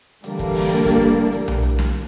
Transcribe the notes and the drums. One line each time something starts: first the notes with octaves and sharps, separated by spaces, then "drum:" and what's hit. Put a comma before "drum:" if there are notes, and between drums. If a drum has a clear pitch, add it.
D3 E3 G3 A3 A#3 D4, drum: hi-hat
drum: kick, hi-hat
drum: open hi-hat
drum: hi-hat
drum: kick, hi-hat
drum: hi-hat
drum: hi-hat
drum: tom B1
drum: hi-hat
drum: snare